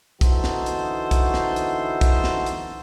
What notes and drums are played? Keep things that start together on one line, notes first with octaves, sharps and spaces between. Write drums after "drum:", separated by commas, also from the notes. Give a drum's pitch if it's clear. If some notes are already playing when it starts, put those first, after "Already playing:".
D3 E3 D#4 F#4 A4 C5, drum: kick, hi-hat
drum: snare
drum: hi-hat
drum: kick, hi-hat
drum: snare
drum: hi-hat
drum: kick, hi-hat
drum: snare
drum: hi-hat